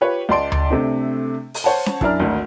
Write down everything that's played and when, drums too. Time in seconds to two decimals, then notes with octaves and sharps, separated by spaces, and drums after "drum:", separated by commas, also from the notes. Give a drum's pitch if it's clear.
0.01 F4 G4 B4 C#5
0.29 C#2 D5 A5 C6 D7
0.52 drum: tom D2
0.70 C3 A3 C4 D4
1.54 drum: open hi-hat
1.64 C5 C#5 F#5 A5
1.86 drum: snare C#4
2.01 F#2 D4 E4 D5 A#5 F6, drum: kick
2.20 G#1 D2